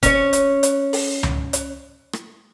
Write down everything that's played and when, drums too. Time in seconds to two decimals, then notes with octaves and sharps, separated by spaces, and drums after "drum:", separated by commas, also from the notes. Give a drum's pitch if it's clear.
0.03 C#4 C#5, drum: kick F#1, hi-hat
0.33 drum: hi-hat
0.63 drum: hi-hat
0.93 drum: open hi-hat
1.23 drum: tom C#2
1.53 drum: hi-hat
2.13 drum: rim click